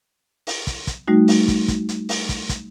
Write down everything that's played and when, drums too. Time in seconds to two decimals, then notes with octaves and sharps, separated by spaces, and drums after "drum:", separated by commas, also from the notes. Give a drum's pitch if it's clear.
0.47 drum: open hi-hat
0.67 drum: kick, hi-hat
0.87 drum: kick, hi-hat
1.08 G3 A3 D#4 F#4
1.28 drum: open hi-hat
1.48 drum: kick, hi-hat
1.68 drum: kick, hi-hat
1.89 drum: hi-hat
2.09 drum: open hi-hat
2.29 drum: kick, hi-hat
2.49 drum: kick, hi-hat